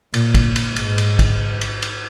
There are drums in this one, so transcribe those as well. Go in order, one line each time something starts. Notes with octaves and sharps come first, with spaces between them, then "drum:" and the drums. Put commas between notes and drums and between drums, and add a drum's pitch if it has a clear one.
A#2, drum: cymbal
drum: kick, cymbal
drum: cymbal
G#2, drum: cymbal
drum: cymbal
drum: kick, cymbal
drum: cymbal
drum: cymbal